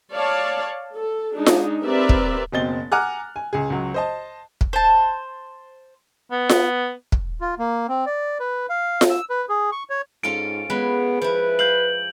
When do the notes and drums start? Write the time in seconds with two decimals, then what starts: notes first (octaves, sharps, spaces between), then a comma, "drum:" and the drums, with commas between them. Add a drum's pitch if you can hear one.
0.13 C#5 D5 F5 A5
0.94 A4
1.35 G#3 D4 D#4
1.46 drum: snare F4
1.84 C4 G4 A#4 B4 D5 E5
2.09 drum: kick
2.52 F#1 B2 C4 D#5 A6 G7
2.92 F#5 G#5 A#5 D6 F6 F#6
3.36 G#5
3.53 C#2 G#4
3.70 C#2 F#3
3.94 C5 D#5 A5
4.61 drum: kick
4.73 C5 A5
6.31 B3
6.49 drum: snare F4
7.12 drum: kick
7.41 F4
7.59 A#3
7.88 C4
8.06 D5
8.40 B4
8.70 F5
9.01 drum: snare F4
9.10 E6
9.30 B4
9.49 G#4
9.72 C#6
9.90 C#5
10.23 G#2 C#4 F4 A4 D7
10.70 G#3 B3 C#4 B4
11.22 F3 E4 B4
11.59 F5 G6 F#7